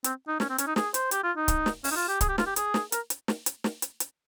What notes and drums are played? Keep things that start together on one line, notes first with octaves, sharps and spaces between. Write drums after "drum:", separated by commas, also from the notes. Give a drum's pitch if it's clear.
C4, drum: hi-hat
D#4
C#4, drum: snare
C4
C#4, drum: hi-hat
D#4
G#4, drum: snare
C5, drum: hi-hat
G4, drum: hi-hat
F4
D#4
drum: kick C#1, hi-hat
drum: snare
C#4, drum: open hi-hat
D#4
F4
G4
G#4, drum: kick C#1, hi-hat
G4
F4, drum: snare
G4
G#4, drum: hi-hat
drum: snare
A#4, drum: hi-hat
drum: hi-hat
drum: snare
drum: hi-hat
drum: snare
drum: hi-hat
drum: hi-hat